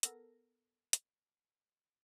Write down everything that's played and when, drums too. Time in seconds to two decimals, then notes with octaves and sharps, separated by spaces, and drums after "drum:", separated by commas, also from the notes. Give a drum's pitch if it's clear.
0.03 B3 A4 A#4 A#6, drum: hi-hat
0.93 drum: hi-hat